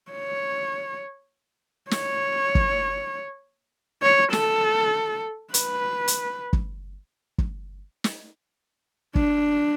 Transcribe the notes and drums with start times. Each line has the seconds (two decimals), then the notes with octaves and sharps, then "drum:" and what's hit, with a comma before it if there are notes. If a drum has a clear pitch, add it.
0.12 C#5
1.91 C#5, drum: snare
2.55 drum: kick
4.03 C#5
4.33 A4, drum: snare
5.54 B4, drum: hi-hat
6.08 drum: hi-hat
6.53 drum: kick
7.38 drum: kick
8.04 drum: snare
9.15 D4, drum: kick